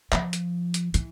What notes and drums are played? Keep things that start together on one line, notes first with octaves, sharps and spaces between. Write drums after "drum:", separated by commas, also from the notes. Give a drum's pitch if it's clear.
F3, drum: clap
drum: hi-hat
drum: hi-hat
E3, drum: hi-hat